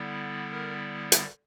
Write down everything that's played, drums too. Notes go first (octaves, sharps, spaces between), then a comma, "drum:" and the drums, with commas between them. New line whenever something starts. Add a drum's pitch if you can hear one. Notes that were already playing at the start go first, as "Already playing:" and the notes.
Already playing: D3 G3 B3 E4
A#4
drum: hi-hat